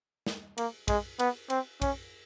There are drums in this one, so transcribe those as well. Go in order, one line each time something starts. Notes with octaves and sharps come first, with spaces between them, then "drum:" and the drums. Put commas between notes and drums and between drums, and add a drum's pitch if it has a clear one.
drum: snare
A#3, drum: cymbal
G#3, drum: kick, cymbal
B3, drum: cymbal
C4, drum: cymbal
C#4, drum: kick, cymbal